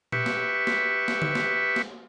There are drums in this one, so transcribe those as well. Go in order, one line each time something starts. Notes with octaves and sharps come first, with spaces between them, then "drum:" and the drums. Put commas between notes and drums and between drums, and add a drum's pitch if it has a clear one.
G4 B4 E5 C#6, drum: tom
drum: snare
drum: snare
drum: snare
drum: tom D3
drum: snare
drum: snare